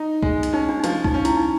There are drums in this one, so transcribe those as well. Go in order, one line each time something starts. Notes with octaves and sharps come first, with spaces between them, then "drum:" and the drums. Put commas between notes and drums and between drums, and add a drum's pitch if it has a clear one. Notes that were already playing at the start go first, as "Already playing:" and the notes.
Already playing: D#4
G#3, drum: kick C2
drum: hi-hat
C#4 D#4
D4
D#4
F3 D4, drum: hi-hat
D#4, drum: kick C2
C#4
E4, drum: hi-hat
D#4